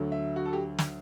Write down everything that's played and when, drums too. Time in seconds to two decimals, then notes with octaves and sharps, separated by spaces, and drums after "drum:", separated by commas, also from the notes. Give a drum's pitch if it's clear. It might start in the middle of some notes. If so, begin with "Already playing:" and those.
Already playing: D2 D3 F#3
0.12 E5
0.36 F#4
0.46 A4
0.53 G4
0.78 drum: snare